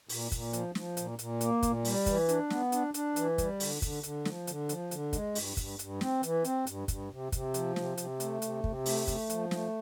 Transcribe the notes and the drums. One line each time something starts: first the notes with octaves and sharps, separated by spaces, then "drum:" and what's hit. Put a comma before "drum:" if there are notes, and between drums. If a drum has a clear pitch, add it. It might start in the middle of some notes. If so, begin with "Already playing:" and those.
A#2, drum: open hi-hat
A#2, drum: kick, hi-hat
F3, drum: hi-hat
F3, drum: snare
A#2, drum: hi-hat
A#2, drum: hi-hat
A#3, drum: hi-hat
A#2, drum: kick, hi-hat
G3, drum: open hi-hat
E3, drum: kick, hi-hat
D4, drum: hi-hat
B3, drum: snare
D4, drum: hi-hat
D4, drum: hi-hat
E3, drum: hi-hat
G3, drum: kick, hi-hat
D3, drum: open hi-hat
D3, drum: kick, hi-hat
D3, drum: hi-hat
F3, drum: snare
D3, drum: hi-hat
F3, drum: hi-hat
D3, drum: hi-hat
G#3, drum: kick, hi-hat
G2, drum: open hi-hat
G2, drum: kick, hi-hat
G2, drum: hi-hat
C4, drum: snare
E3, drum: hi-hat
C4, drum: hi-hat
G2, drum: hi-hat
G2, drum: kick, hi-hat
C3
C3, drum: kick, hi-hat
F3, drum: hi-hat
C3, drum: snare
C3, drum: hi-hat
A3, drum: hi-hat
C3, drum: hi-hat
C3, drum: kick
A3, drum: open hi-hat
A3, drum: kick, hi-hat
F3, drum: hi-hat
A3, drum: snare